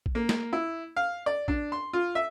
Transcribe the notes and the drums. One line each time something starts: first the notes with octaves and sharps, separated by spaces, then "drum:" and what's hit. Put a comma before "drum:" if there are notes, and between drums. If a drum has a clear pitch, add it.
drum: kick
A#3
drum: snare
E4
F5
D5
D4, drum: kick
C6
F4
E5